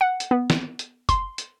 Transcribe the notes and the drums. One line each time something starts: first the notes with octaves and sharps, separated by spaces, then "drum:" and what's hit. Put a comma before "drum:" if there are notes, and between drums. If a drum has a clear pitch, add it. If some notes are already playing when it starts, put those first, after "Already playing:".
F#5
drum: hi-hat
B3
drum: snare
drum: hi-hat
C6, drum: kick, hi-hat
drum: hi-hat